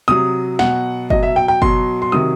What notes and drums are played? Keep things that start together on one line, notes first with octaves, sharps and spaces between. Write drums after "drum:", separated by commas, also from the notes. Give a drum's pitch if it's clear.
C3 F#3 D#6
B2 F#3 F#5, drum: snare
B2 F#3 D#5, drum: kick F#1
E5
G5
G5
B2 F#3 C6, drum: kick F#1
C6
C3 D#3 F#3 D#6